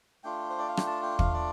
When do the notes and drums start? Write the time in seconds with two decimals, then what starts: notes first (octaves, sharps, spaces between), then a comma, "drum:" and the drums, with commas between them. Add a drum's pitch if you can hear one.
0.24 A3 D4 F4 G5
0.50 C5
0.59 D5
0.68 F5
0.77 G5, drum: rim click
0.87 A5
1.03 G5
1.19 F5, drum: kick
1.34 D5